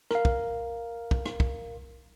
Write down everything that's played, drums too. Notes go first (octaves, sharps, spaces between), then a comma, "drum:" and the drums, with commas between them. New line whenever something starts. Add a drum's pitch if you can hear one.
A#4 F5, drum: rim click
drum: kick
drum: kick
drum: rim click
drum: kick